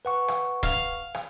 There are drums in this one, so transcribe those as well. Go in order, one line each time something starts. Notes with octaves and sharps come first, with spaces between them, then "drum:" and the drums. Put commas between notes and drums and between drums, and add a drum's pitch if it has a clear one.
B4 F#5 C#6
drum: rim click
F5, drum: kick
drum: rim click